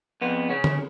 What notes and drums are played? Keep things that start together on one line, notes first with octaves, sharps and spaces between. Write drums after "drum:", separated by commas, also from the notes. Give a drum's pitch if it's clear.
F2 B3
C#3 C#4
drum: tom D3